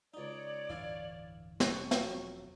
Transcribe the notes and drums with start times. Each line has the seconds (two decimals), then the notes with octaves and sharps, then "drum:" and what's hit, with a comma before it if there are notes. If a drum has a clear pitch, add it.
0.14 C#2 D#4 C#5 D5
0.70 D1 G2 E3 E4 F5
1.60 E1 C4 C#6, drum: snare
1.91 F2 F#3, drum: snare